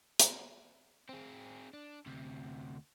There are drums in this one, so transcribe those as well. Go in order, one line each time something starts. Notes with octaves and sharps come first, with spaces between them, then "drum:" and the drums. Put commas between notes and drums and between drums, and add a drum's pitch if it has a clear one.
drum: hi-hat
C4 G#4
D4
D2 C3